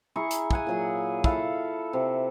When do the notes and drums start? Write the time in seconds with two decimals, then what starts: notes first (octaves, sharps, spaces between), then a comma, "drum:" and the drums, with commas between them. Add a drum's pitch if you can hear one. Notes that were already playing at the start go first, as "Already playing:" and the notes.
0.16 E4 G#4 A#5 C#6
0.31 drum: hi-hat
0.51 G#4 F#5 G#5, drum: kick
0.67 A#2 F#3 G#4
1.24 E4 A4 F5 F#5, drum: kick
1.93 C3